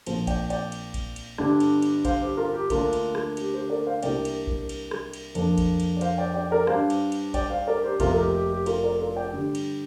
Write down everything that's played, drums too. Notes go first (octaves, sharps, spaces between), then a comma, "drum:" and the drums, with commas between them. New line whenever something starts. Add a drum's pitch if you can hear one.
A#1 A#2 F3 C4, drum: cymbal
D5 G5, drum: kick A#1, cymbal
D5 G5, drum: cymbal
drum: cymbal
drum: kick A#1, cymbal
drum: cymbal
G1 G2 D3 G3 D4, drum: rim click
drum: cymbal
drum: cymbal
C5 F5, drum: kick A#1, cymbal
G4 C5
F4 A#4
G4
D2 D3 A#3 D4 F4 A#4, drum: kick A#1, cymbal
drum: cymbal
drum: rim click
G4, drum: cymbal
G4 C5
A#4 D5
C5 F5
C2 C3 A#3 D4 D5 G5, drum: cymbal
drum: cymbal
drum: kick A#1
drum: cymbal
drum: rim click
drum: cymbal
F2 F3 A#3 D4, drum: cymbal
drum: kick A#1, cymbal
drum: cymbal
D5
C5 F5, drum: cymbal
D5 G5
D5 G5
A#4 D5
G2 G3 D4 C5 F5, drum: rim click
drum: cymbal
drum: cymbal
D5 G5, drum: kick A#1, cymbal
C5 F5
A#4 D5
G4 C5
F1 F2 C3 A#3 F4 A#4, drum: kick A#1, cymbal
A#4
G4
G4
G4
F4 A#4, drum: cymbal
A#4 D5
F4 A#4
D5 G5
G2 D3 G3
drum: cymbal